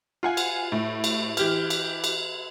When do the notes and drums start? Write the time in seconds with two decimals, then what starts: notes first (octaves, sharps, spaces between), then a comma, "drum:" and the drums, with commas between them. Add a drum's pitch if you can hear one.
0.23 F4 F#5 G#5
0.37 drum: cymbal
0.72 A2
1.04 drum: cymbal
1.37 E3 G4 F6, drum: cymbal
1.70 drum: cymbal
2.04 drum: cymbal